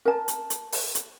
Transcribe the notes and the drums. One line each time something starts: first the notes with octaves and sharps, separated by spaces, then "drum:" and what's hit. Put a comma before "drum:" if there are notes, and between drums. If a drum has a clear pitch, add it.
A#4 A5
drum: hi-hat
drum: hi-hat
drum: open hi-hat
drum: hi-hat